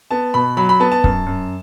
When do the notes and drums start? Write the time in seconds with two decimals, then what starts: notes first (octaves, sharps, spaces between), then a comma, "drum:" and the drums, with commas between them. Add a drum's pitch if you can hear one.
0.11 B3 A5
0.34 B2 B5
0.57 F#3 B5
0.69 B5
0.80 B3 A5
0.92 A5
1.04 F#2, drum: kick C#1
1.26 F#2